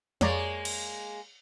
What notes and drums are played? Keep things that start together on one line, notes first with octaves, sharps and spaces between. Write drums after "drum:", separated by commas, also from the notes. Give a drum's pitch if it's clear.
F2 G#3 A#3 C#5 D5 A#5, drum: snare
drum: cymbal